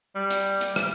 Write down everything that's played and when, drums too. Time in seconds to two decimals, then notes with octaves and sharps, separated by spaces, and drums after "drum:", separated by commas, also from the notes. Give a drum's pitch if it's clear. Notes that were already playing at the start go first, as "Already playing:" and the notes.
0.15 G3
0.30 drum: hi-hat
0.61 drum: hi-hat
0.76 drum: rim click